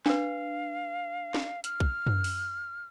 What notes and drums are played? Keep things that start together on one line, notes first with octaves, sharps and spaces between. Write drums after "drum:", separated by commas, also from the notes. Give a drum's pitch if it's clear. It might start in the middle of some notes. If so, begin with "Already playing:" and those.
D4 B4 F5, drum: snare
drum: snare
F6, drum: hi-hat
drum: kick
drum: tom F#2
drum: open hi-hat